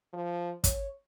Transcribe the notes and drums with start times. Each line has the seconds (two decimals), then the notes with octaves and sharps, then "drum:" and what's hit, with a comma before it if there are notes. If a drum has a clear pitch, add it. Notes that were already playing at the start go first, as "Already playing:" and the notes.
0.13 F3
0.64 C#5, drum: kick, hi-hat